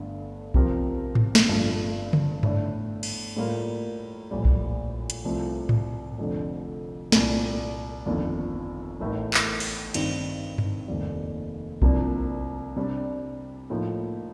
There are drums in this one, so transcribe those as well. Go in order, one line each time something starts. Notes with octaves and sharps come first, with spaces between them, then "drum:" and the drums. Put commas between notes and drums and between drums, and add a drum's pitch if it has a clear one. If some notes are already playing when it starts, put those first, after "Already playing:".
Already playing: G1 G2 D3 A3
C3 F3 C4 G4 A#4, drum: kick A#1
drum: tom G#2
drum: snare
G1 G2 F3 A3
drum: tom C#3
A2 A3 D4, drum: tom G2
drum: cymbal
A2 G3 A#3 F4 A#4
A#1 A2 G3
drum: kick A#1
drum: hi-hat
C2 C3 F3 A3
drum: tom G#2
F1 F2 D3
C2 A#2 G3, drum: snare
G1 F2 D#3 A#3 D4
A1 A2 A3 D#4 A#4
drum: clap
drum: open hi-hat
G2 D#3 G3 C4 D#4, drum: cymbal
drum: tom G2
F1 D#2 D#3 G3
C2 C3 F3 A#3 D4, drum: kick A#1
C3 G3 D4
A2 F3 A#3 D#4